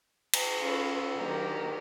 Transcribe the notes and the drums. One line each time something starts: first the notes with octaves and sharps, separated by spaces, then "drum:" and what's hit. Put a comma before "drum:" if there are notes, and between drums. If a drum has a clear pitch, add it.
drum: cymbal
C#4 F4 A4 B4 C#5
D#3 F#3 A#3 D4 G4 A#4